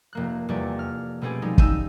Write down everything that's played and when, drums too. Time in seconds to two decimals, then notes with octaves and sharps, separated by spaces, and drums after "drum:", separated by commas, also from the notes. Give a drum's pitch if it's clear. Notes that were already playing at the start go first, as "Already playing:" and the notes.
0.13 F1 A#3 F#6
0.48 F1 E2 G3 D5 C#6
0.79 F6
1.21 B2 A3 C4 C#4 G4 G#4
1.42 F3 G3 G#3 D#4
1.58 D#4 E6 G6 D#7, drum: kick